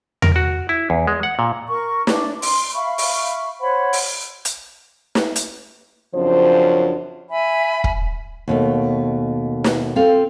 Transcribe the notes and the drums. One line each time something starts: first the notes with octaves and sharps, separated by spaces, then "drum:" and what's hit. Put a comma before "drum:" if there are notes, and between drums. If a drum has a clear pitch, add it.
A#4, drum: tom E2
F#4
E4
E2
G#3
F#5
A#2
A#4 C#6
D4, drum: snare
C6, drum: open hi-hat
E5 F5 B5 C#6
drum: open hi-hat
C5 C#5 F#5 B5
drum: open hi-hat
drum: hi-hat
drum: snare
drum: hi-hat
F#2 C#3 F3 C4 D4 C5
E5 G#5 B5
drum: kick
D#2 B2 A3
drum: snare
C4 F4 A4 F5